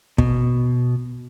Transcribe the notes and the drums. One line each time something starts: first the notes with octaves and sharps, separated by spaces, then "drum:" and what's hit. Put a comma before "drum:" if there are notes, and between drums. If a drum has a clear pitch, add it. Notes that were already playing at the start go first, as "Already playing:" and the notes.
B2, drum: kick